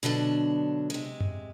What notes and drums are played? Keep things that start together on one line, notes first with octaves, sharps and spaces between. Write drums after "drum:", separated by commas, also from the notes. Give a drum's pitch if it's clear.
B2 D3 F#3 D4
C3 G#3
drum: tom F#2